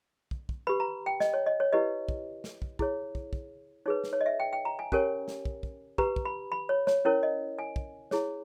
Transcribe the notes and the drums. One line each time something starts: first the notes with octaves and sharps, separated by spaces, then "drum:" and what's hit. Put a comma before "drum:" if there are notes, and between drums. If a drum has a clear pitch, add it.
drum: kick
drum: kick
G4 B4 B5
A#5
G5
D#5, drum: snare
C#5
D#5
C#5
E4 G4 B4 D#5
drum: kick
drum: snare
drum: kick
E4 G#4 C#5, drum: kick
drum: kick
drum: kick
D#4 G#4 B4 C#5
drum: snare
C#5
D#5
E5
G5
G5
A#5
G#5
C#4 G4 A#4 C#5 G#5, drum: kick
drum: snare
drum: kick
drum: kick
G4 B4 A#5, drum: kick
drum: kick
B5
B5
C#5
C#5, drum: snare
C#4 E4 A#4 C#5
D#5
G#5
drum: kick
E4 G#4 C#5, drum: snare